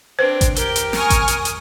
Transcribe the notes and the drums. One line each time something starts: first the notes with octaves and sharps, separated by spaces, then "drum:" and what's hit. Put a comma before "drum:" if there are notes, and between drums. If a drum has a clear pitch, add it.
C4 D4 B4 C5
drum: kick A1, hi-hat
G4 A#4 G6, drum: hi-hat
drum: hi-hat
G#5 C#6 D#6 F6, drum: snare
drum: kick A1, hi-hat
drum: hi-hat
drum: hi-hat